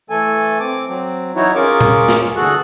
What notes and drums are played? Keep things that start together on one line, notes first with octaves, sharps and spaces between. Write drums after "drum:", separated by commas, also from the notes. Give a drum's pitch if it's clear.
E3 A3 A4 G#5
C4 D6
F#3 C4
E3 F#3 D#4 E4 F#4 C#5
C#4 F4 G#4 A#4 C#6 D6
drum: tom A#2
drum: snare
D3 E3 F#4 G#4 A4 F#6